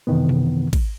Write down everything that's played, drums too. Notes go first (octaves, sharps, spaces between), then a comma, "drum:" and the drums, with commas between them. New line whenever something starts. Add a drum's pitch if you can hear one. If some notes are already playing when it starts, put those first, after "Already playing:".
F#2 C3 D#3 E3 B3
drum: tom B2
drum: kick, cymbal